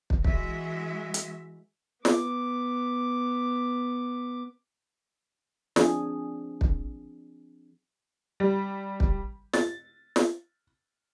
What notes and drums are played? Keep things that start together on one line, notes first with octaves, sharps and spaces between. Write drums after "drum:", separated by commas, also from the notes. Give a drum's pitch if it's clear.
drum: kick
E3 G#3 F#4 E5, drum: kick
drum: hi-hat
B3 D6, drum: snare
F3 C4 D4 G#4, drum: snare
drum: kick
G3
drum: kick
A6, drum: snare
drum: snare